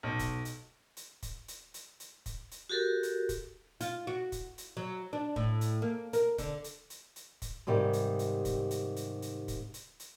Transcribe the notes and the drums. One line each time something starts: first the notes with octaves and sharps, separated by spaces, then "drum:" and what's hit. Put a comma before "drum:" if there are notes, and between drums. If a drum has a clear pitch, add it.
B1
drum: kick, hi-hat
drum: hi-hat
drum: hi-hat
drum: kick, hi-hat
drum: hi-hat
drum: hi-hat
drum: hi-hat
drum: kick, hi-hat
drum: hi-hat
F#4 G4 A4 A#4
drum: hi-hat
drum: kick, hi-hat
F4, drum: hi-hat
F#4
drum: kick, hi-hat
drum: hi-hat
F#3
D4
A2, drum: kick
drum: hi-hat
A#3
A#4, drum: hi-hat
D3, drum: kick, hi-hat
drum: hi-hat
drum: hi-hat
drum: hi-hat
drum: kick, hi-hat
G#2 C3 D#3 G3
drum: hi-hat
drum: hi-hat
drum: kick, hi-hat
drum: hi-hat
drum: hi-hat
drum: hi-hat
drum: kick, hi-hat
drum: hi-hat
drum: hi-hat